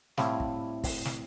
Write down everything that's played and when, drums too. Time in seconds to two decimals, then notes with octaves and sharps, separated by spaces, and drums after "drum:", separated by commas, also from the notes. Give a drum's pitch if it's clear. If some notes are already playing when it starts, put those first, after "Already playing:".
0.17 A2 G3 C4 E4 F5, drum: snare
0.40 drum: kick
0.84 drum: kick, open hi-hat
1.05 drum: snare